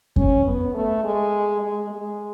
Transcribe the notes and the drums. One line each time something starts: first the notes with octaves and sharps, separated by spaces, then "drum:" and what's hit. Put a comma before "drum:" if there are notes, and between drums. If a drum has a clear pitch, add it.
C#4, drum: kick F2
B3
A3
G#3
G#3
G#3